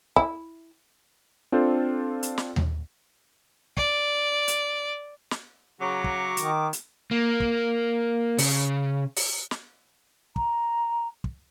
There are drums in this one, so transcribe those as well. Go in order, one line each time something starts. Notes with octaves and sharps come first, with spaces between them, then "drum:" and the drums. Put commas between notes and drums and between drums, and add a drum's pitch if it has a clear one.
E4, drum: kick
C4 D4 F4 A4 C5
drum: hi-hat
drum: snare
drum: tom D#2
D5, drum: kick
drum: hi-hat
drum: snare
C#3 F#3 F#4 A#5 C#6 D6
drum: kick
D#3, drum: hi-hat
drum: hi-hat
A#3
drum: kick
C#3, drum: open hi-hat
drum: open hi-hat
drum: snare
A#5, drum: kick
drum: kick